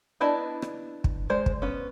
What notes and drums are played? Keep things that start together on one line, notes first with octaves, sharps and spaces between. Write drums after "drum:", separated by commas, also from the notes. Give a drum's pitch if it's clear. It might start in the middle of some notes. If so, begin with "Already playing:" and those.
B3 D4 E4 D#5 A5
drum: rim click
drum: kick
G#3 C5 D5
drum: kick
B3 C#4